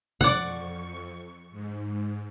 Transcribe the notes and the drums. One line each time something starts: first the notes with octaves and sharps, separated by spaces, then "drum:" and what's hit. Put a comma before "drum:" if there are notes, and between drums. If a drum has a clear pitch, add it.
F2 D5 F#5 C#6, drum: tom B2
G#2